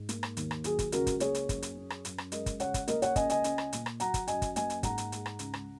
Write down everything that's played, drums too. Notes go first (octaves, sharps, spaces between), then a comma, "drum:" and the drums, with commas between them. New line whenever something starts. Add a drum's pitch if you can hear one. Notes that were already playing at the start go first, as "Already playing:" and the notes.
Already playing: G#2
A#3, drum: hi-hat
drum: rim click
D#2, drum: hi-hat
drum: rim click
F#3 G#4, drum: hi-hat
drum: kick, hi-hat
C#2 F#4 A#4, drum: hi-hat
drum: kick, hi-hat
A#3 G#4 C#5, drum: hi-hat
drum: hi-hat
F#2, drum: kick, hi-hat
drum: hi-hat
C#4
drum: rim click
F#2, drum: hi-hat
drum: rim click
G#3 A#4 D#5, drum: hi-hat
drum: kick, hi-hat
C#2 C#5 F#5, drum: hi-hat
drum: kick, hi-hat
A#3 A#4 D#5, drum: hi-hat
C#5 F#5, drum: hi-hat
C#2 D#5 G#5, drum: kick, hi-hat
D#5 G#5, drum: hi-hat
C#4, drum: hi-hat
drum: rim click
A#2, drum: hi-hat
drum: rim click
F#3 F#5 A#5, drum: hi-hat
drum: kick, hi-hat
F#2 D#5 G#5, drum: hi-hat
drum: kick, hi-hat
A#3 D#5 G#5, drum: hi-hat
drum: hi-hat
G#2 F#5 A#5, drum: kick, hi-hat
drum: hi-hat
G#3, drum: hi-hat
drum: rim click
C#2, drum: hi-hat
drum: rim click